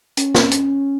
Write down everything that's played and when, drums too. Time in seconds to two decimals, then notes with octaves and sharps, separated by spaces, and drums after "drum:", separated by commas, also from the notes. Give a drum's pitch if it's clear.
0.17 C#4, drum: hi-hat
0.35 drum: snare
0.51 drum: hi-hat